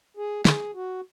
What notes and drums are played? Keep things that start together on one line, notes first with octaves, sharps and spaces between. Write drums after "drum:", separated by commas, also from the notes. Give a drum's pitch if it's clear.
G#4
G#4, drum: snare
F#4